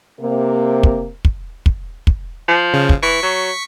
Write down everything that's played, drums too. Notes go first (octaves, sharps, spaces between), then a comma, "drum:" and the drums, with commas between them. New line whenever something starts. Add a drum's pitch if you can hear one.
C3 A#3
drum: kick
drum: kick
drum: kick
drum: kick
F3
C#3
drum: kick
E3 C#6 B6 C#7
F#3